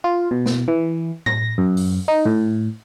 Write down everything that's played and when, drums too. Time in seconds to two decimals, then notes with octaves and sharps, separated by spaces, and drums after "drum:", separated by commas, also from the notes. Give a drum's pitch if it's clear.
0.04 F4
0.31 B2
0.46 drum: snare
0.68 E3
1.26 A#6, drum: tom A2
1.58 F#2
1.77 drum: open hi-hat
2.08 D#4
2.26 A2